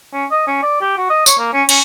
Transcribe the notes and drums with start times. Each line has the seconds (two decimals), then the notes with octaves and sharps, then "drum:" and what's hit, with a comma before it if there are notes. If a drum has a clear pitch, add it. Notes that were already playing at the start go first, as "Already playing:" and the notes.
0.13 C#4
0.31 D#5
0.47 C#4
0.63 D5
0.81 G4
0.97 F#4
1.09 D#5
1.26 C#5, drum: tambourine
1.39 A#3
1.53 C#4
1.69 C#4, drum: cymbal